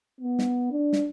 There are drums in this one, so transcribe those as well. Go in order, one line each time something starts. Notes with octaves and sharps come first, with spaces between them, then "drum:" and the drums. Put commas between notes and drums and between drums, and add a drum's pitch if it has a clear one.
B3
drum: snare
D4
drum: snare